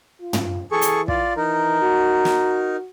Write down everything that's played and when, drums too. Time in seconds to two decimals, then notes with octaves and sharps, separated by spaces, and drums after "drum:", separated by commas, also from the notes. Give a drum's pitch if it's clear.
0.20 F4
0.33 drum: tom
0.72 E3 G#4 A4 C#6
0.82 drum: hi-hat
1.08 F4 D5, drum: kick
1.37 E3 D#4 A#4
1.82 F#4
2.25 drum: snare